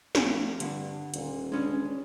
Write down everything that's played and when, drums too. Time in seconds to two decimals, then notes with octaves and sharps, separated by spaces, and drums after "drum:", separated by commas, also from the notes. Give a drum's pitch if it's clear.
0.15 A#1, drum: snare
0.60 G2 D3, drum: hi-hat
1.14 D#1 A#2, drum: hi-hat
1.52 G#3 C#4 D4 B4